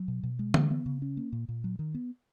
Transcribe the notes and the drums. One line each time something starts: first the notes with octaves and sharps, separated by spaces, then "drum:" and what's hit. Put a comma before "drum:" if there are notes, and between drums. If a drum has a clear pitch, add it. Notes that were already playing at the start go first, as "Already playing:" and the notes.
Already playing: F#3
B2
B2
G#3
E3, drum: tom D3
B3
C#3
C#4
A#3
A#2
A#2
F#3
D#3
B3